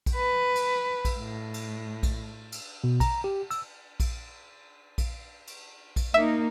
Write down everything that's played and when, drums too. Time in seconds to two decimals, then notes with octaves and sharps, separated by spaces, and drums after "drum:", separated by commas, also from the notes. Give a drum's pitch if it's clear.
0.06 drum: kick A#1, cymbal
0.15 B4
0.56 drum: cymbal
1.05 drum: kick A#1, cymbal
1.19 A2
1.54 drum: cymbal
2.03 drum: kick A#1, cymbal
2.52 drum: cymbal
2.84 B2
3.00 A#5, drum: kick A#1, cymbal
3.24 G4
3.51 E6, drum: cymbal
4.00 drum: kick A#1, cymbal
4.98 drum: kick A#1, cymbal
5.47 drum: cymbal
5.96 drum: kick A#1, cymbal
6.14 A#3 D#4 E5